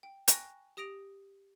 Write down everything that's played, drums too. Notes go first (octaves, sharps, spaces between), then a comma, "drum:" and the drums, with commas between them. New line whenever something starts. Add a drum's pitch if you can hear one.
G5
G5 G#5 A#5 C#6 F#6 A#6, drum: hi-hat
G4 D#6 A#6 D7 F7